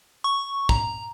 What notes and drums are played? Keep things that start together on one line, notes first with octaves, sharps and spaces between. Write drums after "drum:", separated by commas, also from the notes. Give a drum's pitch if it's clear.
C#6
A#5, drum: kick